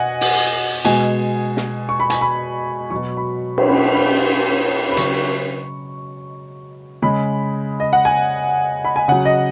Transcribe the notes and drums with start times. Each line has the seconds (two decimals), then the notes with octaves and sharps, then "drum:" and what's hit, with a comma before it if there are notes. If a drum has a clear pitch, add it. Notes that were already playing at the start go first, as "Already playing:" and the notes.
Already playing: B2 D#5 F#5 G#5
0.21 drum: open hi-hat
0.85 B2 G#3 G#5, drum: cymbal
1.57 drum: snare
1.89 C#6
2.00 B5
2.10 G#5, drum: hi-hat
2.21 B5
2.90 B2 F#3 C#6
3.17 B5
3.58 drum: cymbal
3.68 B5
3.94 B5
4.91 B5
4.97 C#3 F#3 C#6, drum: hi-hat
7.02 C#3 G#3 B5
7.80 D#5
7.93 F#5
8.05 G#5
8.85 B5
8.96 G#5
9.08 C#3 F#3 F#5
9.25 D#5